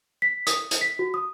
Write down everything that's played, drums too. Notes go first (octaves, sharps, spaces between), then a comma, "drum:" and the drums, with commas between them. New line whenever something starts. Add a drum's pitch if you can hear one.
B6
D#6, drum: hi-hat
drum: hi-hat
B6
F#4
D#6